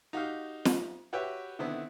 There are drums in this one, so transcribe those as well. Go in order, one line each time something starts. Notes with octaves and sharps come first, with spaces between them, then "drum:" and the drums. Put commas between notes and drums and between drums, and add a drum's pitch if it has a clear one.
D#4 F#4 G4 F5
drum: snare
F#4 G4 B4 C#5 E5 G5
D3 D#3 B3 C4 E4